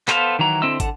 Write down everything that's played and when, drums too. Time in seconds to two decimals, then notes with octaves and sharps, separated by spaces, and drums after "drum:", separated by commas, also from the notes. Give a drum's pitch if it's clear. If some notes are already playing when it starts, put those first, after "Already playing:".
0.08 B3 A4 B4 C5 F5, drum: clap
0.39 D#3 E3 F#3 A#5
0.62 D3 C4 E4 D#5 E6
0.80 D3 A4 F#5 A5, drum: kick, hi-hat